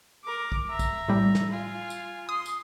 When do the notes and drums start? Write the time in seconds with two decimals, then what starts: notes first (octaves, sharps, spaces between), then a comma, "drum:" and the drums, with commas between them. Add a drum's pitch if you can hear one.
0.24 A#4 D6
0.52 drum: kick
0.69 E5 A#5
0.79 drum: kick, tambourine
1.08 A2 G3
1.35 drum: snare
1.50 F4 G#5
1.90 drum: tambourine
2.29 C6 D#6
2.46 drum: tambourine